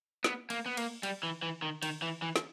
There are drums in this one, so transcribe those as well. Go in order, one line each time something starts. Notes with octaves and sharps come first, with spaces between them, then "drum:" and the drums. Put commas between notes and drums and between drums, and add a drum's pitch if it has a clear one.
B3, drum: snare
A#3, drum: cymbal
B3
A#3, drum: cymbal
G3, drum: cymbal
E3
E3
D#3
D#3, drum: cymbal
E3
E3
drum: snare